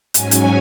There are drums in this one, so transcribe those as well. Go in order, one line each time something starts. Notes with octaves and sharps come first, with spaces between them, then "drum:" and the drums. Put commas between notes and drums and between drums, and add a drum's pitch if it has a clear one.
G#2 F#3 C#4 G#5, drum: hi-hat
drum: hi-hat